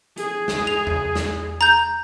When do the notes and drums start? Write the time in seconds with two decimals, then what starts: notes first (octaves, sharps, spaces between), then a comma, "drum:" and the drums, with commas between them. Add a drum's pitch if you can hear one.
0.17 G#4, drum: hi-hat
0.48 drum: snare
0.67 F7
0.87 drum: tom E2
1.16 drum: snare
1.61 A#5 G6